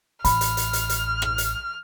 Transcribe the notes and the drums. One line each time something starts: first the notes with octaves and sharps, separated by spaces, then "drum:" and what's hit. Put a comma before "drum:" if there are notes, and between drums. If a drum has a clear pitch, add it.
A1 B5 F6, drum: hi-hat
drum: hi-hat
drum: hi-hat
drum: hi-hat
drum: hi-hat
drum: rim click
drum: hi-hat